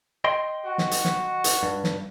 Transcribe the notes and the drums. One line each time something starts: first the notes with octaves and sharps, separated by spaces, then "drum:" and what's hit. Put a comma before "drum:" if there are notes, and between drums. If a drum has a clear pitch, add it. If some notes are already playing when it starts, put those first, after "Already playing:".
D#5 G5 C6
F#4
drum: snare
drum: hi-hat
drum: snare
drum: hi-hat
G2
drum: snare